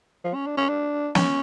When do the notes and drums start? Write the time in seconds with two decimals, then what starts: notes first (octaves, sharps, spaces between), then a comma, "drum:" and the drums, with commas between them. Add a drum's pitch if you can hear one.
0.24 F3
0.34 C#4
0.46 D4
0.57 C#4
0.69 D4
1.15 C#4, drum: snare